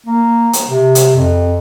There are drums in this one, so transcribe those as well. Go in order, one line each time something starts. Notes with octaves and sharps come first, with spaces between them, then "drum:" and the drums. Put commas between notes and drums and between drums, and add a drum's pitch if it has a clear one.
A#3
drum: hi-hat
C3
drum: hi-hat
F2